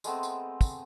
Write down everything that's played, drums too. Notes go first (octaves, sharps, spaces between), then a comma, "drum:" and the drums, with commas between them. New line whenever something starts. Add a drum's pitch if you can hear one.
G#3 A3 B3 C4, drum: tambourine
drum: tambourine
drum: kick, tambourine